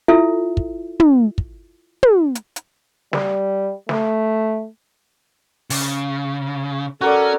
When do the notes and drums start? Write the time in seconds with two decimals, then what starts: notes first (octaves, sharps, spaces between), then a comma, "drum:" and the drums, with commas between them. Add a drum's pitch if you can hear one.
0.08 E4 F4 A4 E5
0.57 drum: kick
1.00 drum: tom
1.38 drum: kick
2.03 drum: tom
2.35 drum: hi-hat
2.56 drum: hi-hat
3.13 G3, drum: snare
3.89 A3, drum: snare
5.70 C#3, drum: open hi-hat
7.01 C#4 F#4 A4 A#4 D5